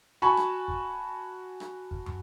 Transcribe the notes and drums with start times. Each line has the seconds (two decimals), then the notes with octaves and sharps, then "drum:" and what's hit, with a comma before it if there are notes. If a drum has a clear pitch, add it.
0.22 F#4 G#5 A5 B5 C#6
0.37 drum: rim click
0.68 drum: kick
1.60 drum: rim click
1.91 drum: kick
2.06 drum: tom